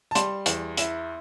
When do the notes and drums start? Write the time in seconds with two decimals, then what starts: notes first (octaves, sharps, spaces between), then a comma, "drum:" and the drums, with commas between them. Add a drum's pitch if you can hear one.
0.11 A5
0.15 G3 C6, drum: hi-hat
0.46 E2, drum: hi-hat
0.77 E4, drum: hi-hat